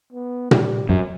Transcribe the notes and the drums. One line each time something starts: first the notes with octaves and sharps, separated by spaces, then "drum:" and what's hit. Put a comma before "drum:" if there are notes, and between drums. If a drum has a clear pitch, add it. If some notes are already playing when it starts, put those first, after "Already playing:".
B3
G3, drum: tom A#2
F#2